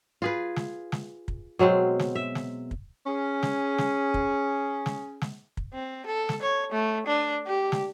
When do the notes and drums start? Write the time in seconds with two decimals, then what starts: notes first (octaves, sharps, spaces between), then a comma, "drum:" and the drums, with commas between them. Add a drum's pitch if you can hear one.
0.22 F4 G#4 B4
0.56 drum: snare
0.92 drum: snare
1.28 drum: kick
1.59 B2 F#3 G#3 C4
1.99 drum: snare
2.15 E5
2.35 drum: snare
2.71 drum: kick
3.07 C#4 G#4
3.43 drum: snare
3.78 drum: snare
4.14 drum: kick
4.86 drum: snare
5.21 drum: snare
5.57 drum: kick
5.74 C4
6.06 A4
6.29 drum: snare
6.42 C#5
6.72 A3
7.06 D4
7.47 G4
7.72 drum: snare